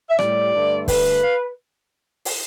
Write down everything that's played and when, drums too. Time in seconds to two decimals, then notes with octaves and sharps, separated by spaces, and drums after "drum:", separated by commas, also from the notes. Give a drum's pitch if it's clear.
0.10 E5
0.19 A2 G3 D5, drum: rim click
0.53 G2 D3 A3
0.88 G2 D3 A3 B4, drum: kick, open hi-hat
1.21 F5
2.25 drum: open hi-hat